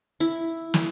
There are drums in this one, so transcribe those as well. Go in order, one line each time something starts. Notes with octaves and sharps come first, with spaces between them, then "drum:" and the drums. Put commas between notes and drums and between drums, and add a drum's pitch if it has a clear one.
E4
drum: snare